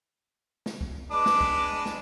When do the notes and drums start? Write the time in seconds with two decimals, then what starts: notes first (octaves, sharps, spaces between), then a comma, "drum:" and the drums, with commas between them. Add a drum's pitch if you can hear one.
0.66 drum: snare
0.81 drum: kick
1.11 G#3 D4 B4 D6
1.26 drum: snare
1.41 drum: kick
1.86 drum: snare